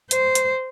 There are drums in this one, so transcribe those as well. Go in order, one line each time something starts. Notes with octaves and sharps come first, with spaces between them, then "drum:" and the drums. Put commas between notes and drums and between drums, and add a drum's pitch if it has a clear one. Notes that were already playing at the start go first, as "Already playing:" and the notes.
C5, drum: hi-hat
drum: hi-hat